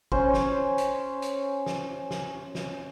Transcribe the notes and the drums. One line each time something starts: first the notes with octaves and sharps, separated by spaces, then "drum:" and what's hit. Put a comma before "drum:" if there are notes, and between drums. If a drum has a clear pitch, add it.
C#4 C5, drum: kick
drum: snare
drum: hi-hat
drum: hi-hat
drum: snare
drum: snare
drum: snare